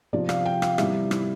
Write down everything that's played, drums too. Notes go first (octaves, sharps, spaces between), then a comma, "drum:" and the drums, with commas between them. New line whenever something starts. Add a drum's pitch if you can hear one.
C3 F3 D5
F5, drum: rim click
G5
F5, drum: rim click
C3 E3 G3 E5, drum: rim click
E4, drum: rim click